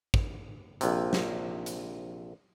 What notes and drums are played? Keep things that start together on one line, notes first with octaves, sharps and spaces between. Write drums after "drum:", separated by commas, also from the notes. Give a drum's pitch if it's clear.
drum: kick
A#1 C3, drum: hi-hat
drum: snare
drum: hi-hat